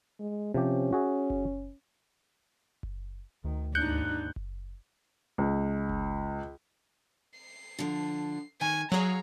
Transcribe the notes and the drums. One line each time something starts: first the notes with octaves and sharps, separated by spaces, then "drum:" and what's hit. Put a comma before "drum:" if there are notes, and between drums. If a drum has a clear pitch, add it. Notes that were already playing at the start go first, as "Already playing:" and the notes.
G#3
C3 F3 C#4 G4
F#4 G#4 E5
drum: kick F#1
drum: kick F#1
D2 D#3
D#2 G#2 D4 D#4 F#6 G6 C#7
drum: kick F#1
C#2
drum: kick F#1
C7
D3 F3
D#3 G#5
F#3 G#4 C#5 F5 A#5